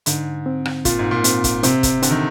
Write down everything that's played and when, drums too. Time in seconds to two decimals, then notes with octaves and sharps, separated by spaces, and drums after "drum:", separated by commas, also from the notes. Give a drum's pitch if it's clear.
0.06 G#2 D3, drum: hi-hat
0.46 C4
0.65 drum: rim click
0.85 A#2 F4, drum: kick, hi-hat
0.99 G#2
1.11 A#2
1.24 C4, drum: hi-hat
1.44 drum: kick, hi-hat
1.63 C3 C4, drum: hi-hat
1.83 drum: kick, hi-hat
2.03 D3 C4, drum: hi-hat
2.11 D#3